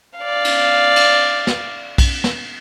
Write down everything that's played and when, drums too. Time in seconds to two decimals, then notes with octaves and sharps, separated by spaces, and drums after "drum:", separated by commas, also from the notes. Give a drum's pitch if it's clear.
0.19 D5 F5
0.45 drum: cymbal
0.96 drum: cymbal
1.47 drum: snare
1.98 drum: kick B1, cymbal
2.24 drum: snare